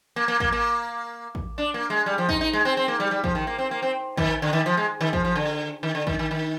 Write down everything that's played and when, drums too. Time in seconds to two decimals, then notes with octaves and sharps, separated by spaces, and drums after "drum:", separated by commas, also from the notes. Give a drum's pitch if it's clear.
0.16 A#3
0.28 A#3
0.40 A#3, drum: kick
0.52 A#3
1.35 drum: kick
1.58 D4
1.74 A#3
1.90 G#3
2.06 G3
2.18 F3
2.29 D#4, drum: kick
2.41 D#4
2.53 G#3
2.65 C4
2.77 C4
2.88 A#3
3.00 G3
3.11 G3
3.24 F3, drum: kick
3.35 D#3
3.47 A#3
3.58 C4
3.71 A#3
3.82 C4
4.17 D#3, drum: kick
4.42 D3
4.53 D#3
4.66 F3
4.77 G#3
5.01 D#3
5.13 F3, drum: kick
5.25 F3
5.36 D3
5.83 D#3
5.95 D3
6.07 D#3, drum: kick
6.19 D#3
6.31 D#3